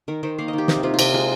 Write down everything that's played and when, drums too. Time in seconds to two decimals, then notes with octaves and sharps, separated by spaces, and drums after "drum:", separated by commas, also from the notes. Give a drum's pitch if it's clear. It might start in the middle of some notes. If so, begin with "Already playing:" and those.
0.08 D#3 A#4
0.23 D#3 C5
0.38 A#3 F5
0.48 D#5
0.53 D#3 G4
0.68 C3 D#4, drum: snare
0.83 C3 F4
0.94 F4
0.99 C3 G4, drum: cymbal
1.14 G#3 F4